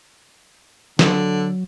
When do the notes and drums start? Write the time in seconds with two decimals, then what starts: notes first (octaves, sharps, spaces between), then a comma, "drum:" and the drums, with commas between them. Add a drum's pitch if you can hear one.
0.99 D3 F#3, drum: snare